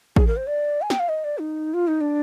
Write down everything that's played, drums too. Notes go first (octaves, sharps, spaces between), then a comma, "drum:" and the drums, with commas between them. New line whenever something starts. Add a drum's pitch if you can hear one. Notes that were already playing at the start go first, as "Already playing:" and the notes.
G#4, drum: kick A1
A#4
C5
D5
G#5
G5, drum: snare
F5
D#5
D5
D#4
F4
D#4
D4